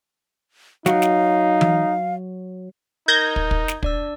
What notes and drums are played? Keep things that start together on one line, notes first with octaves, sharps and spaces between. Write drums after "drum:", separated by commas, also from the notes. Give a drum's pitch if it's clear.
F#3 D#4 F5, drum: snare
drum: snare
drum: tom E3
D#4 A#4 G6 G#6 A#6
drum: kick
drum: kick
drum: snare
D4 D5 E6, drum: kick